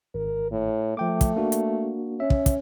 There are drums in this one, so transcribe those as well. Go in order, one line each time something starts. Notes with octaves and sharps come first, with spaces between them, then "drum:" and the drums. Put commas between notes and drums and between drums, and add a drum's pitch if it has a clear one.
G#1 A#4
A2
F3 A3 G5 D6
drum: kick, hi-hat
A#3 D4 F#4
drum: hi-hat
C#4 E5
drum: kick
drum: kick, hi-hat